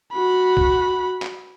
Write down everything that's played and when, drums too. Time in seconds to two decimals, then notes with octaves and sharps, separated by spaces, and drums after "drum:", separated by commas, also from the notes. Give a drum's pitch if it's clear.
0.13 F#4 B5
0.57 drum: kick
1.22 drum: clap